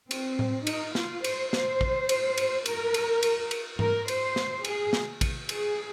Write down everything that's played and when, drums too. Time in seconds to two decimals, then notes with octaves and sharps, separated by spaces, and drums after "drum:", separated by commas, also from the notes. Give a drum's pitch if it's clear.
0.11 C4, drum: cymbal
0.39 drum: tom A2
0.67 D#4, drum: cymbal
0.95 F4, drum: snare
1.24 C5, drum: cymbal
1.53 C5, drum: snare
1.81 drum: kick
2.09 drum: cymbal
2.38 drum: cymbal
2.66 A#4, drum: cymbal
2.94 drum: cymbal
3.23 drum: cymbal
3.51 drum: cymbal
3.79 A#4, drum: tom G#2
4.08 C5, drum: cymbal
4.36 drum: snare
4.65 G#4, drum: cymbal
4.93 drum: snare
5.21 drum: kick, cymbal
5.49 G#4, drum: cymbal